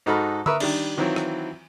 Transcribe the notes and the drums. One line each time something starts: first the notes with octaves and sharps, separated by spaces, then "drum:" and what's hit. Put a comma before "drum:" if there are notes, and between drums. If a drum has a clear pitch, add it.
G#2 D#4 F#4 A4 B5 F6
A#4 B4 E5 C#6 D#6 E6, drum: tom D3
D#3 G3 D4, drum: cymbal
D#3 E3 F#3 C4 E4 F4
drum: rim click